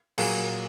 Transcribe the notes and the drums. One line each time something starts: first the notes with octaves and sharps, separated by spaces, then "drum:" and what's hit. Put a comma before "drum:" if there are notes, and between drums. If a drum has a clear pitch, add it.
A#2 F#3 A#3 G#4, drum: cymbal